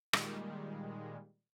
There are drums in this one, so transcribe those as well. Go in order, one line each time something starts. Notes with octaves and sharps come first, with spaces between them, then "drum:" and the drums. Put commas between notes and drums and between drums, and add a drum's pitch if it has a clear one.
A#2 D#3 G3 G#3, drum: rim click